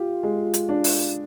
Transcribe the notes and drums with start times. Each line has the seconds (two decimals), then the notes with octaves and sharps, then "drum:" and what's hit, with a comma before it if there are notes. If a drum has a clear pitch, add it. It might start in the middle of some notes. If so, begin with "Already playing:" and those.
Already playing: F4 G4
0.23 G#3
0.54 drum: hi-hat
0.69 D4
0.84 drum: open hi-hat